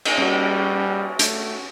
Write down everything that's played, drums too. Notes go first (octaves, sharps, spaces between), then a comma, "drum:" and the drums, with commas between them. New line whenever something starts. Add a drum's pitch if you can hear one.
drum: cymbal
G3 C#4 F#4
A3, drum: hi-hat